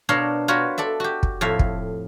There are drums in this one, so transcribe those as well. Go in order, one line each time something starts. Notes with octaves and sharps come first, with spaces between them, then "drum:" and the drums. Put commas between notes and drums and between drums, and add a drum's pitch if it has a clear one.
B2 D4 A#4 C#5 F5 C6
F4 F#4 A#4 B4 C#5
A4 D5 E5
F#4 G4
drum: kick
F2 A2 E5 F5
drum: kick